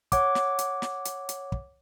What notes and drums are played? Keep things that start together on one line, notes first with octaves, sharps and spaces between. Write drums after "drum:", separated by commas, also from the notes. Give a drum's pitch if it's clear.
C#5 F#5 D6, drum: kick, hi-hat
drum: snare
drum: hi-hat
drum: snare
drum: hi-hat
drum: hi-hat
drum: kick